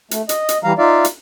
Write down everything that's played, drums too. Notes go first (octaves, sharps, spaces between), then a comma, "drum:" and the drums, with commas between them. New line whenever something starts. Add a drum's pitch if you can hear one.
A3, drum: hi-hat
D#5, drum: hi-hat
drum: hi-hat
E3 G3 F5 A#5
D#4 F4 D5 E5 F5
drum: hi-hat